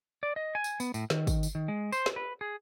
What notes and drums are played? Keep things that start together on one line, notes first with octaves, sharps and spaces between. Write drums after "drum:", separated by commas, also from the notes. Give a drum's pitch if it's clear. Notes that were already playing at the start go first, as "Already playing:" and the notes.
D5
D#5
G#5
drum: tambourine
B3, drum: tambourine
A2, drum: tambourine
D#3, drum: snare
drum: kick, tambourine
drum: tambourine
D#3
G#3
C5, drum: tambourine
drum: snare
B4
G#4